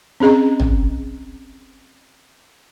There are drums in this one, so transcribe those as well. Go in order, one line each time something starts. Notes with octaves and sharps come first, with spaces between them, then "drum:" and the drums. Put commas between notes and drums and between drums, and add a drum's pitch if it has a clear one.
C4 C#4 G#4 D#5 A#5
drum: tom